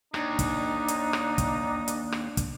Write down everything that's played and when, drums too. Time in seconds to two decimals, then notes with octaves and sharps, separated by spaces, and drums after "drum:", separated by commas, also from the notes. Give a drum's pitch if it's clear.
0.14 D#2 D4 D#4, drum: rim click
0.39 drum: kick, hi-hat
0.88 drum: hi-hat
1.13 drum: rim click
1.38 drum: kick, hi-hat
1.88 drum: hi-hat
2.12 drum: rim click
2.37 drum: kick, hi-hat